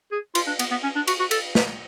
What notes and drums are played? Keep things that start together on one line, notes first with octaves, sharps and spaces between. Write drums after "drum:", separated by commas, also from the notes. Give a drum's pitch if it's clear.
G#4
F4, drum: cymbal
D4
B3, drum: cymbal
B3
C#4
D4
F#4, drum: cymbal
F#4
A4, drum: cymbal
B4, drum: snare